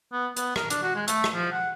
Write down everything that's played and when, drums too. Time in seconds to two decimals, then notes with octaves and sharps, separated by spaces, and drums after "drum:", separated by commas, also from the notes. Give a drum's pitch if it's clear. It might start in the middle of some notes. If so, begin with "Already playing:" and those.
0.12 B3
0.37 B3, drum: hi-hat
0.56 A#4, drum: rim click
0.70 D4, drum: hi-hat
0.83 F#4
0.95 G#3
1.08 A3, drum: hi-hat
1.24 drum: rim click
1.33 F3
1.52 F#5